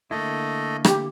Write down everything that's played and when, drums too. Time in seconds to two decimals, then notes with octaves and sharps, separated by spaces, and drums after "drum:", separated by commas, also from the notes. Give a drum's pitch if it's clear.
0.11 D3 A3 A#3 E4 A4 D#5
0.85 G4, drum: rim click